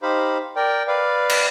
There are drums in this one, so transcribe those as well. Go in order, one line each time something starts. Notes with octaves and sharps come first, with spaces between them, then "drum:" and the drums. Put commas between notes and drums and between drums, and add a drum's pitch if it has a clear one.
D#4 G4 C5 F5 B5
A#4 D5 G5
B4 D5 F5
drum: cymbal